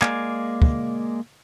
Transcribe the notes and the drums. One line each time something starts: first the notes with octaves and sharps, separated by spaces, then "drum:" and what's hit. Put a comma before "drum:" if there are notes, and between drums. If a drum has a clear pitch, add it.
G#3 A#3 D5 F5 G#5, drum: clap
drum: kick